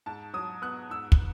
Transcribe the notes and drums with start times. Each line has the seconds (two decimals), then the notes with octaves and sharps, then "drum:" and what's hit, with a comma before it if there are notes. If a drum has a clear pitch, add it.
0.06 G#2 A5
0.34 F#3 D#6
0.62 B3 F#6
0.90 G#2 E6
1.12 drum: kick